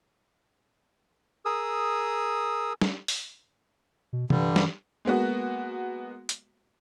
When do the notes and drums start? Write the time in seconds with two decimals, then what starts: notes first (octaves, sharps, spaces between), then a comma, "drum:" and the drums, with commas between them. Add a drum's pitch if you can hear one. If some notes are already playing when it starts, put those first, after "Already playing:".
1.45 G#4 A#4 D#6 E6
2.81 drum: snare
3.08 drum: open hi-hat
4.13 B2
4.30 G2 D3 E3 G3, drum: tom C3
4.56 drum: snare
5.05 G#3 A#3 B3 F#4
6.29 drum: hi-hat